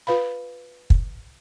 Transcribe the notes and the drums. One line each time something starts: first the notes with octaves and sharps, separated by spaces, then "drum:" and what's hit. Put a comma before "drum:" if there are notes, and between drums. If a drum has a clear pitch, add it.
F4 B4 F5 B5
drum: kick